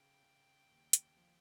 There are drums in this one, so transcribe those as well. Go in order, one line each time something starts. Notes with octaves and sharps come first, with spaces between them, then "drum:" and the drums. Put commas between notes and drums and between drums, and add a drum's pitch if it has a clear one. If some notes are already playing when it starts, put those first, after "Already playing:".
Already playing: C#3 G5
C#3
D#2
drum: hi-hat
F3